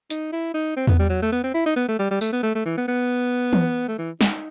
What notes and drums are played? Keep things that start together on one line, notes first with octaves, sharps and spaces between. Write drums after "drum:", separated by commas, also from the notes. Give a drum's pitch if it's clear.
D#4, drum: hi-hat
E4
D#4
C4
B3, drum: tom E2
G3
F#3
A3
B3
C4
E4
D#4
B3
A3
G3
G3
A3, drum: tambourine
B3
A3
A3
E3
B3
B3
drum: tom E3
A3
E3
D#4, drum: snare